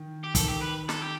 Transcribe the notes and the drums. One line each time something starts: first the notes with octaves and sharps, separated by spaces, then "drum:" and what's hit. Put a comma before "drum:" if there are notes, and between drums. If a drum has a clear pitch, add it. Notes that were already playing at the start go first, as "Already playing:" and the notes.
Already playing: D#3
G4
D#3 A4, drum: kick, hi-hat
G4
B4
A4, drum: snare
G4